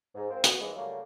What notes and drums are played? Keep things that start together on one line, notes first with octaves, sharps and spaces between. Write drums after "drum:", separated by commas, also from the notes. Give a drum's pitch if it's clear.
G#2
C4 F4 A#4 C5
B3 F#4, drum: hi-hat
D#2 E3 F3 G#3
C#3 F#3 G3 A3 A#3